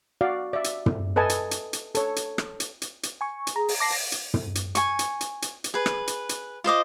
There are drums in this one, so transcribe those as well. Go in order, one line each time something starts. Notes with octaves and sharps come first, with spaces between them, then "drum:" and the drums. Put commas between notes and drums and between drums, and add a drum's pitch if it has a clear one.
F#4 D5 F5
D5 E5
drum: hi-hat
drum: tom
A4 B4 D#5 G#5 A5
drum: hi-hat
drum: hi-hat
drum: hi-hat
A4 C#5, drum: hi-hat
drum: hi-hat
drum: rim click
drum: hi-hat
drum: hi-hat
drum: hi-hat
G#5 C#6
drum: hi-hat
G#4 A#5
drum: open hi-hat
A5 D6 A#6 C7
drum: open hi-hat
drum: hi-hat
drum: tom
drum: hi-hat
G#5 C#6, drum: hi-hat
drum: hi-hat
drum: hi-hat
drum: hi-hat
drum: hi-hat
G#4 B4
drum: rim click
drum: hi-hat
drum: hi-hat
F4 C5 D#5 D6